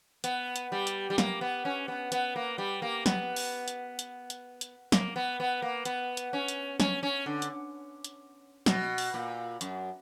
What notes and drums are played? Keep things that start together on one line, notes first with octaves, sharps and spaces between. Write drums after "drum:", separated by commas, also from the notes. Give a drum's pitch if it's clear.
B3, drum: hi-hat
drum: hi-hat
G3
drum: hi-hat
G3
A#3, drum: snare
B3
C#4
B3
B3, drum: hi-hat
A#3
G3
A#3
B3, drum: snare
drum: open hi-hat
drum: hi-hat
drum: hi-hat
drum: hi-hat
drum: hi-hat
A#3, drum: snare
B3
B3
A#3
B3, drum: hi-hat
drum: hi-hat
C#4
drum: hi-hat
C#4, drum: snare
C#4
D3
drum: hi-hat
drum: hi-hat
B2, drum: snare
drum: open hi-hat
A#2
F#2, drum: hi-hat